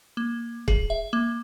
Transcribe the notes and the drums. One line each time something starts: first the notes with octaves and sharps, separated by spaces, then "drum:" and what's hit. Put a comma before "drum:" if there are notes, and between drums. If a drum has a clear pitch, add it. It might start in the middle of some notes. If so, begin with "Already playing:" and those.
A#3
G#4, drum: kick
E5
A#3